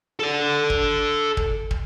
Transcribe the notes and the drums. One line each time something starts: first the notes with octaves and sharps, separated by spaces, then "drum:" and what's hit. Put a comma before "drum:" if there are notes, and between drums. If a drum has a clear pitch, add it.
A4 D5
drum: kick
drum: kick
drum: kick